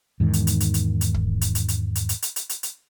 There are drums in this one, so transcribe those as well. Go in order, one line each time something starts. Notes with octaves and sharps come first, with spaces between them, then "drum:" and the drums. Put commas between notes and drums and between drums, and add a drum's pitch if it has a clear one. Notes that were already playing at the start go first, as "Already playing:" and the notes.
E2 G#2 D#3
drum: hi-hat
drum: hi-hat
drum: hi-hat
drum: hi-hat
drum: hi-hat
drum: kick
drum: hi-hat
drum: hi-hat
drum: hi-hat
drum: hi-hat
drum: hi-hat
drum: hi-hat
drum: hi-hat
drum: hi-hat
drum: hi-hat